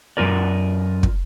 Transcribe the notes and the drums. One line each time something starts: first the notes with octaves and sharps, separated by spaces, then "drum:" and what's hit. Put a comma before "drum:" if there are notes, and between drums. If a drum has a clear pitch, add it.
F#2 C#3 F4 A#4 D5
drum: kick